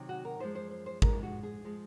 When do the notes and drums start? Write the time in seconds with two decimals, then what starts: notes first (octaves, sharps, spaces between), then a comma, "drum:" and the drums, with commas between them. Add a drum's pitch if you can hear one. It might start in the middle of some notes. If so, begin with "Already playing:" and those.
Already playing: C3 D#3 F#3
0.09 F#4
0.25 A#4
0.39 F#2 F3 G#3 C5
0.55 C5
0.71 C5
0.86 C5
1.02 G#2 F3 G#3 A#4, drum: kick
1.23 F#4
1.43 G#4
1.64 F3 G#3